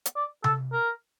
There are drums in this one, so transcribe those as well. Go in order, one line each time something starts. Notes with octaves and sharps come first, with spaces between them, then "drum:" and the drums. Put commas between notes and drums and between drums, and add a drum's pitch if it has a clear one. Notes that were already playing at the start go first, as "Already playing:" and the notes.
drum: hi-hat
D5
A4, drum: tom C3
A#4